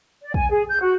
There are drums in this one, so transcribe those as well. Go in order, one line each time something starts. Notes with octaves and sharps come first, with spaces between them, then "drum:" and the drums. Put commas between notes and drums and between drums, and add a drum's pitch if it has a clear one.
D5
G#5, drum: kick
G#4
G6
F#4